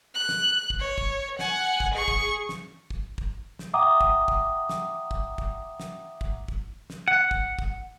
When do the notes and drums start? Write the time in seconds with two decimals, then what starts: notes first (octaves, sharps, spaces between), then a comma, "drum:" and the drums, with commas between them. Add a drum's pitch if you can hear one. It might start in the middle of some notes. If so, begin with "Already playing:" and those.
0.15 F#6
0.29 drum: snare
0.70 drum: kick
0.80 C#5
0.98 drum: kick
1.39 F#5 G#5, drum: snare
1.80 drum: kick
1.94 G#4 C#6
2.08 drum: kick
2.49 drum: snare
2.90 drum: kick
3.18 drum: kick
3.59 drum: snare
3.74 E5 F#5 G5 A#5 D6 D#6
4.01 drum: kick
4.28 drum: kick
4.69 drum: snare
5.11 drum: kick
5.38 drum: kick
5.80 drum: snare
6.21 drum: kick
6.48 drum: kick
6.90 drum: snare
7.08 F#5
7.31 drum: kick
7.59 drum: kick